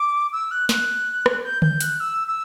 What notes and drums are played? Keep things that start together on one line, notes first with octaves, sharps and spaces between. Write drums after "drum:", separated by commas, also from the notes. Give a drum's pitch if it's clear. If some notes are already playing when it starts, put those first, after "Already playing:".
Already playing: D6
E6
F#6
F#6, drum: snare
drum: rim click
G6
G6, drum: tom D3
F#6, drum: hi-hat
E6
E6